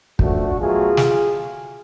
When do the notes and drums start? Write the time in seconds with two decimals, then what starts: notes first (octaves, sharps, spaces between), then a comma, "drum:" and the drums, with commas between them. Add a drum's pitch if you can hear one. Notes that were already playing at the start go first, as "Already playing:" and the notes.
0.19 F#2 F3 A3 D4 F#4, drum: kick
0.58 B2 F#3 A3 F4 G#4
0.97 drum: snare